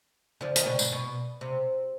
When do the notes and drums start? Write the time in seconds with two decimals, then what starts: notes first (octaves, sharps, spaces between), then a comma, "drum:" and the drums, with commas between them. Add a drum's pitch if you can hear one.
0.41 D3 F3
0.56 D#3, drum: hi-hat
0.66 B2 D3
0.79 G#2, drum: tambourine
0.92 B2
1.41 C3